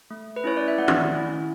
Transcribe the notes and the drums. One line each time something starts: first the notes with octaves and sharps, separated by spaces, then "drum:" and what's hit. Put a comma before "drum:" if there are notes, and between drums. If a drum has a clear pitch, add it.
A3
B4
C#4 E4 C#5
D5
E5
A3 D5 F#5
drum: tom
C#4 E4